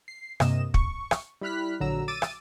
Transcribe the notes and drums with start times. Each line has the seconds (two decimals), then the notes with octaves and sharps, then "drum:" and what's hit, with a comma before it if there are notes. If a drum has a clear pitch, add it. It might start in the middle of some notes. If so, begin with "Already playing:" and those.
0.08 C7
0.40 G2 C3 A#3 D#5 E7, drum: rim click
0.74 C#6, drum: kick
1.11 drum: rim click
1.41 G3 E4 B5 F6 F#6 B6
1.80 A#1 D3 F#3 A#5 E6
2.08 D6 E6 A6 D#7
2.22 drum: rim click